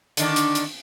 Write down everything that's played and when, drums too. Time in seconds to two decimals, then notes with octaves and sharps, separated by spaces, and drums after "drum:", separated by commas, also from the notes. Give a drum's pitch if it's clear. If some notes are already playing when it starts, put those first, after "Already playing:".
0.17 D3 D#3 D4, drum: hi-hat
0.36 drum: hi-hat
0.55 drum: hi-hat